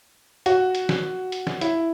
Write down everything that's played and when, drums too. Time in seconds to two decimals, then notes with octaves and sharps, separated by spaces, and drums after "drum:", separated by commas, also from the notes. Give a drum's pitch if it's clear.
0.46 F#4, drum: hi-hat
0.75 drum: hi-hat
0.89 drum: snare
1.32 drum: hi-hat
1.47 drum: snare
1.61 E4, drum: hi-hat